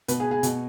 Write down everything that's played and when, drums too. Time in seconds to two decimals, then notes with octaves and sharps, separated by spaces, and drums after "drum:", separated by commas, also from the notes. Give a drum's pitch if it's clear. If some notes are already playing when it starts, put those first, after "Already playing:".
0.08 B2 B4, drum: hi-hat
0.20 G#4
0.31 G#4
0.43 B2, drum: hi-hat